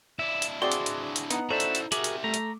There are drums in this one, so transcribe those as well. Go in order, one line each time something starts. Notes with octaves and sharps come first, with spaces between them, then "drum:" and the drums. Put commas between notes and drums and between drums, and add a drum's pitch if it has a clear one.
D4 E4 E5
drum: hi-hat
C4 F#4 G#4 D5 C6
drum: hi-hat
drum: hi-hat
drum: hi-hat
B3 D#4 F#5, drum: hi-hat
E4 F#4 A4 C5 D5 E5 A#5
drum: hi-hat
drum: hi-hat
G3 F#4 G#4 A#4 E5 D6, drum: hi-hat
drum: hi-hat
A3 A#5
drum: hi-hat